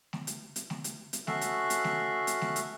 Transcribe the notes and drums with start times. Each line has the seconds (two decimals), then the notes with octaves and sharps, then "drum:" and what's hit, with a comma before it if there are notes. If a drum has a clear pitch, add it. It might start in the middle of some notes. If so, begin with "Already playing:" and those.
0.13 drum: snare A3
0.27 drum: hi-hat
0.56 drum: hi-hat
0.70 drum: snare A3
0.84 drum: hi-hat
1.13 drum: hi-hat
1.27 C#4 F#4 A4 E5 F5 F#6, drum: snare A3
1.41 drum: hi-hat
1.70 drum: hi-hat
1.84 drum: snare A3
2.27 drum: hi-hat
2.41 drum: snare A3
2.56 drum: hi-hat